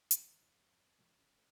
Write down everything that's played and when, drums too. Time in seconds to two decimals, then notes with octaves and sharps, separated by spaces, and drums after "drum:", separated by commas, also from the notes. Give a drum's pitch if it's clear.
0.11 G#1 C3, drum: hi-hat
0.40 F2 G#2 C#3
0.99 C3 E3 G#3 A3
1.19 F1 F2 A2 C#4